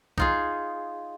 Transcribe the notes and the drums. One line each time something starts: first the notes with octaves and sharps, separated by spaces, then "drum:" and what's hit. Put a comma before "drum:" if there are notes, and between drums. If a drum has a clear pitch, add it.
D#4 F4 G#4, drum: kick B1